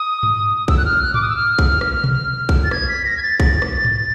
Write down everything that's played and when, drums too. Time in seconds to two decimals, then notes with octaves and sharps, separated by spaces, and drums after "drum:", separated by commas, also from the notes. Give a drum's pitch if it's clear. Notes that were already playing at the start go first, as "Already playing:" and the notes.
Already playing: D#6
0.23 drum: tom G2
0.68 E6, drum: kick
0.77 F#6
0.85 F6
1.02 F#6
1.14 D6, drum: tom G#2
1.21 D#6
1.29 E6
1.36 F6
1.59 drum: kick
1.81 drum: rim click
2.04 drum: tom
2.49 drum: kick
2.64 A6
2.71 G#6, drum: rim click
2.88 B6
3.05 A#6
3.17 G#6
3.23 A6
3.40 A6, drum: kick
3.62 drum: rim click
3.85 drum: tom G#2